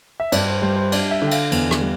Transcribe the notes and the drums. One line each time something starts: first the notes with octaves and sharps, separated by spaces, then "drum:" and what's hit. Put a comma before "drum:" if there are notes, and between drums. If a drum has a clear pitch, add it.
E5
G2 D5, drum: cymbal
C5
G3 C5
C5
D4 D5, drum: cymbal
E5
D3
G5
F5, drum: cymbal
E2, drum: cymbal
drum: rim click
G3